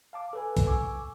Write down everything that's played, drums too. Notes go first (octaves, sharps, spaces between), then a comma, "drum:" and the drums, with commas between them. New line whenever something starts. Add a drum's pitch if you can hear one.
F5 A5 D6
A4 B4 G#5
drum: kick B1, open hi-hat
G#5 C#6 D6 E6